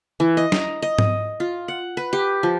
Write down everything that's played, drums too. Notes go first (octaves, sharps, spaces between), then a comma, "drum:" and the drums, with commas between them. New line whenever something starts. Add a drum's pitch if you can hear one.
E3
D#5
A#5, drum: snare
D#5
drum: tom G#2
F4
F#5
B4
G4
F3